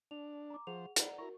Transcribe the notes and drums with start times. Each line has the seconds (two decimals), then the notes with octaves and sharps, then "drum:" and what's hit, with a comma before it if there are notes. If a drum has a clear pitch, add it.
0.11 D4 F7
0.50 A#5 D6
0.67 F3 G#4 C5 F#5 F7
0.96 B4 D5 F#5 A#5, drum: hi-hat
1.18 E4 F#4 A#4 A#5 C#6